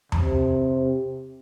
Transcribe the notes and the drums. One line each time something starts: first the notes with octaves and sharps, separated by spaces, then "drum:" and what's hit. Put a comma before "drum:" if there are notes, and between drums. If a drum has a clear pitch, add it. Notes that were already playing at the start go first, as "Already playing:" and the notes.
C3, drum: tom E2